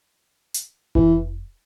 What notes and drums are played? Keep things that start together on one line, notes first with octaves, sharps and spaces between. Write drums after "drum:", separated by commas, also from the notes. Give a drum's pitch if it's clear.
drum: hi-hat
E3, drum: kick F1